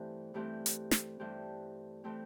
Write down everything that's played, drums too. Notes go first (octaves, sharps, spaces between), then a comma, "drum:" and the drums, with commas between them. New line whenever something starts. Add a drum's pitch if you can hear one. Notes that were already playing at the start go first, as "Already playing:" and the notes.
Already playing: G2 E3 A3 C4 G4
G2 E3 A3 C4 G4
drum: hi-hat
drum: snare
G2 E3 A3 C4 G4
E3 A3 C4 G4